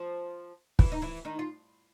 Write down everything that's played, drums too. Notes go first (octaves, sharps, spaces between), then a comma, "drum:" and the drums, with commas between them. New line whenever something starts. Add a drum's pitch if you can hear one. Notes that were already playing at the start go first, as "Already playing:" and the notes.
Already playing: F3 F4
E3 E4, drum: kick
D#4
E3 E4
D#3 D#4
F4